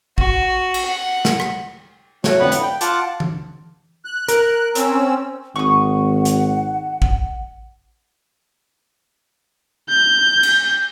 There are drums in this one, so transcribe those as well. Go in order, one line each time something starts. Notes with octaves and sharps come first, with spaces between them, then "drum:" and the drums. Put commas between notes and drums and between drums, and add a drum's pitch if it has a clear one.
F#4, drum: kick A1
drum: cymbal
F#5
drum: snare
drum: rim click
A3 F#4 C#5, drum: snare
F2 A2 D3 B3 B4 F#5
drum: hi-hat
G5
F4 F#5 A5 D6, drum: hi-hat
drum: tom E3
F#6
A#4, drum: hi-hat
C4 C#4 E6, drum: hi-hat
G#1 F#5 C#6 D#6
drum: hi-hat
drum: kick A1
G6
drum: cymbal